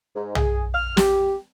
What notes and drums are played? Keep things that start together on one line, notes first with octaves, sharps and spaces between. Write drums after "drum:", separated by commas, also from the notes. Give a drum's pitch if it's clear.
G#2
G#4, drum: tom
F6
G4, drum: snare